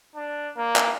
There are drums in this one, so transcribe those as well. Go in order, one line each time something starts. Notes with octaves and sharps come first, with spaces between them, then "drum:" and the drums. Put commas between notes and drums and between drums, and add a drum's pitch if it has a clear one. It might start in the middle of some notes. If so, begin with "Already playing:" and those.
D4
A#3
drum: clap